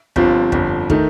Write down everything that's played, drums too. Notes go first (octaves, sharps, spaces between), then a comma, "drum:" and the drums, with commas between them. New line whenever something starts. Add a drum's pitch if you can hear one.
G1 G2 F3 C4 F4, drum: kick
G1 F2 D3, drum: kick
D#3 A3 D#4, drum: kick